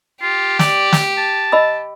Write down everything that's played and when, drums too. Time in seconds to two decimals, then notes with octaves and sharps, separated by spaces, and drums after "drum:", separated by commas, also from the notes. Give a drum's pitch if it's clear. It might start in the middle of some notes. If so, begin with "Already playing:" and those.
0.21 F4 G4
0.59 D5, drum: snare
0.93 drum: snare
1.18 A5
1.52 D#5 B5 E6